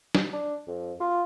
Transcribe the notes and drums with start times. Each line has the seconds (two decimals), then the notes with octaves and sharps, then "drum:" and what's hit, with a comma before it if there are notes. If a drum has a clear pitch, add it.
0.15 drum: snare
0.33 D4
0.67 F2
1.00 F4